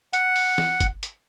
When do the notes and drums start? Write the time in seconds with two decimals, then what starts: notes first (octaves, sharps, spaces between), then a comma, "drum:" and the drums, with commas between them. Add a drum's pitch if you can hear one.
0.13 F#5, drum: hi-hat
0.36 drum: open hi-hat
0.58 drum: snare
0.80 drum: kick, hi-hat
1.03 drum: hi-hat